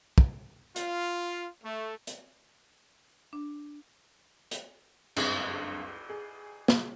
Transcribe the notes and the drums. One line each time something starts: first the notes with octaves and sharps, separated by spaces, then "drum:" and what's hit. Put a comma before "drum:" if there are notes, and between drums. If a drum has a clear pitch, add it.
drum: kick
F4, drum: hi-hat
A3
drum: hi-hat
D4
drum: hi-hat
F#1 C#2 G2 C4 D#6, drum: cymbal
G#4
drum: snare